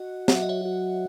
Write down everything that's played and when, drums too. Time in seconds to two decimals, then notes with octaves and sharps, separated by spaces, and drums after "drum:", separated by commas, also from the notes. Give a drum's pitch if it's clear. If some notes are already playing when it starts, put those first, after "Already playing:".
Already playing: F#4 D#5
0.28 F#3 F#5, drum: snare
0.35 E5
0.42 D#5
0.49 C#5 E5
0.65 F#4